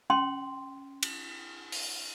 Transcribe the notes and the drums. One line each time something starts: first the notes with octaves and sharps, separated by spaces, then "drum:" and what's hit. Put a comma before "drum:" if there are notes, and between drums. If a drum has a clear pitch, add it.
C#4 G5 C6
drum: cymbal
drum: open hi-hat